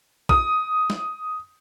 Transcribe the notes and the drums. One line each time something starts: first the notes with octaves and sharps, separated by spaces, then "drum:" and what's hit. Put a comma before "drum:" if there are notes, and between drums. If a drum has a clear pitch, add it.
D#6, drum: kick A#1
drum: snare